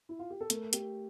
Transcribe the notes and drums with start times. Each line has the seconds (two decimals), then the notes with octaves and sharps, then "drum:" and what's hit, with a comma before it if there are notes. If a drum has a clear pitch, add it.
0.09 E4
0.19 F4
0.30 G4
0.40 A4
0.50 A3 A#4, drum: hi-hat
0.73 A3 G4, drum: hi-hat